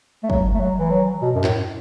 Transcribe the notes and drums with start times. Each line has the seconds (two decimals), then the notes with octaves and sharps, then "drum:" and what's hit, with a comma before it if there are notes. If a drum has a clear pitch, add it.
0.24 A3
0.30 F#3, drum: kick
0.55 A3
0.60 F#3
0.79 E3
0.91 F#3
1.22 B2
1.35 F#2
1.44 A2, drum: clap